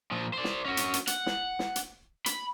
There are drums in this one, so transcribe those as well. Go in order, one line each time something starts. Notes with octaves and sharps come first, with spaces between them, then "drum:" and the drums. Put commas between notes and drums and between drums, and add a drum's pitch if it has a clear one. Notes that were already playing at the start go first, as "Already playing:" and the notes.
A#2 F3
C5 D5
drum: snare
C#4 F#4
drum: hi-hat
drum: hi-hat
F#5, drum: hi-hat
drum: snare
drum: snare
drum: hi-hat
B5, drum: hi-hat